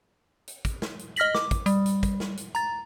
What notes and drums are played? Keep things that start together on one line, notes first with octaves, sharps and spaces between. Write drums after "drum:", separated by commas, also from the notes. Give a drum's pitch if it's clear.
drum: hi-hat
drum: kick, hi-hat
drum: snare
drum: hi-hat
D#5 F6 A#6 B6 F#7, drum: hi-hat
D6, drum: snare
drum: kick, hi-hat
G3, drum: hi-hat
drum: hi-hat
drum: kick, hi-hat
drum: snare
drum: hi-hat
A#5 A6, drum: hi-hat